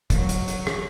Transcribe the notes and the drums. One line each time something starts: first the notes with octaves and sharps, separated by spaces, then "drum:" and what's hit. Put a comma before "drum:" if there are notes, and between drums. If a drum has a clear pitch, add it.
F#3, drum: kick, hi-hat
drum: hi-hat
drum: hi-hat
drum: rim click